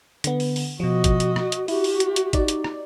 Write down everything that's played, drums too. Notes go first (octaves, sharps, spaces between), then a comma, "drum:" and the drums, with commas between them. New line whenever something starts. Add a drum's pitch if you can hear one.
D3 B3, drum: hi-hat
drum: open hi-hat
drum: open hi-hat
B2 F3 F#4 D#5
drum: kick, hi-hat
drum: hi-hat
drum: rim click
drum: hi-hat
E4 F#4 G4, drum: open hi-hat
drum: open hi-hat
drum: hi-hat
drum: hi-hat
D#4 D5, drum: kick, hi-hat
drum: hi-hat
drum: rim click